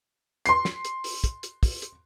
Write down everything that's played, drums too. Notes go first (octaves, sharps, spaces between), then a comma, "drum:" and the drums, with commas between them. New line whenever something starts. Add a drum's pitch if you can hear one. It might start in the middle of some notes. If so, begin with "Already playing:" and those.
C6 C7, drum: hi-hat
drum: snare
drum: hi-hat
drum: open hi-hat
drum: kick, hi-hat
drum: hi-hat
drum: kick, open hi-hat
drum: hi-hat